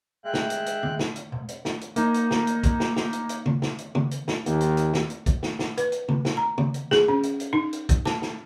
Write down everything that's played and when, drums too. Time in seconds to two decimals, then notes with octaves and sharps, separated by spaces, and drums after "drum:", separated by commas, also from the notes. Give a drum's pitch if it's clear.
0.25 G#3 E5 G5 F#6
0.34 drum: snare
0.50 drum: hi-hat
0.66 drum: hi-hat
0.83 drum: tom
0.99 drum: snare
1.16 drum: hi-hat
1.32 drum: tom B2
1.49 drum: hi-hat
1.65 drum: snare
1.81 drum: hi-hat
1.96 A#3 D#4, drum: hi-hat
2.14 drum: hi-hat
2.31 drum: snare
2.47 drum: hi-hat
2.63 drum: kick, hi-hat
2.80 drum: snare
2.96 drum: snare
3.13 drum: hi-hat
3.29 drum: hi-hat
3.46 drum: tom
3.62 drum: snare
3.78 drum: hi-hat
3.95 drum: tom
4.11 drum: hi-hat
4.28 drum: snare
4.46 D#2, drum: hi-hat
4.61 drum: hi-hat
4.77 drum: hi-hat
4.93 drum: snare
5.10 drum: hi-hat
5.26 drum: kick, hi-hat
5.43 drum: snare
5.59 drum: snare
5.77 B4, drum: hi-hat
5.92 drum: hi-hat
6.08 drum: tom
6.25 drum: snare
6.37 A#5
6.58 drum: tom
6.74 drum: hi-hat
6.91 G#4, drum: snare
7.08 C#4
7.23 drum: hi-hat
7.40 drum: hi-hat
7.53 D#4
7.73 drum: hi-hat
7.89 drum: kick, hi-hat
8.05 A5, drum: snare
8.22 drum: snare